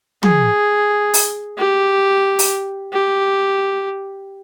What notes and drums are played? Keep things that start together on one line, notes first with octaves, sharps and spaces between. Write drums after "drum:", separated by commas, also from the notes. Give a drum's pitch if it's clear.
G#4, drum: tom
drum: open hi-hat
G4
drum: open hi-hat
G4